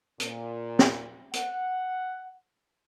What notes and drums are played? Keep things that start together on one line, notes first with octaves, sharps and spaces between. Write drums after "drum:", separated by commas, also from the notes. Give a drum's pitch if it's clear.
A#2, drum: hi-hat
drum: snare
F#5, drum: hi-hat